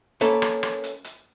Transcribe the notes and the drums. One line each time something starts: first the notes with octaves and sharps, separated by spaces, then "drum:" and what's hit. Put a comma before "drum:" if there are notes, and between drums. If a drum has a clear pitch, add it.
A#3 C#4 A4 B4 C#5, drum: hi-hat
drum: rim click
drum: rim click
drum: hi-hat
drum: hi-hat